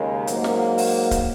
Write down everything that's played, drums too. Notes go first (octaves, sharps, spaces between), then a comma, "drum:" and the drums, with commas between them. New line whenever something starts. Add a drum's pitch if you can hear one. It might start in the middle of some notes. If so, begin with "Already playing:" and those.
Already playing: D#2 C#3 G#3
G#2 F#3 A#3, drum: hi-hat
drum: snare
drum: open hi-hat
drum: kick C#1, hi-hat